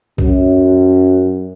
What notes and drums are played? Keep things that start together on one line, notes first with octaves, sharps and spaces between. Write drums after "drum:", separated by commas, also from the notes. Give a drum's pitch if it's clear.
F#2, drum: kick